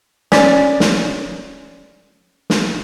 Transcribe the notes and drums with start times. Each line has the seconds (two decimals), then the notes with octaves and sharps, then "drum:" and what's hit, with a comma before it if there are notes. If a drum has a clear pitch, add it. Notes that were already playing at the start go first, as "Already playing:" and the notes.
0.32 C#4 D5, drum: snare
0.80 drum: snare
2.50 drum: snare